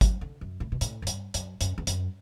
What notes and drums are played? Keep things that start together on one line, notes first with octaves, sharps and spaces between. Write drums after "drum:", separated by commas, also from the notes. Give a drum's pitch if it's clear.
F#3, drum: kick G#1, hi-hat
D3
F#2
A2
B2
A2, drum: hi-hat
F#2
G2, drum: hi-hat
F#2, drum: hi-hat
F#2, drum: hi-hat
E2
F#2, drum: hi-hat